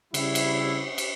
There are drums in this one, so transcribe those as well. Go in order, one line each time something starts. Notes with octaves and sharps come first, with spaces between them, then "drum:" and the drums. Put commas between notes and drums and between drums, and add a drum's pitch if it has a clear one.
C#3 G3 E4, drum: cymbal
drum: cymbal
drum: cymbal